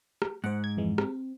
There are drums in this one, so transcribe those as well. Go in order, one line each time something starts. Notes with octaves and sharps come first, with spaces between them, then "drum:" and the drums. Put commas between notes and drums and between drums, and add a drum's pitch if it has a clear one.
drum: rim click
G#2 C5 F#5
G#6
F2 E3 G#3
C4, drum: rim click